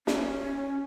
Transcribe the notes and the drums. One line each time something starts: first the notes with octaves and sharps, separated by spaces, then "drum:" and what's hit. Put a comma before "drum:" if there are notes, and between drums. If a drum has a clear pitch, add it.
C#4, drum: snare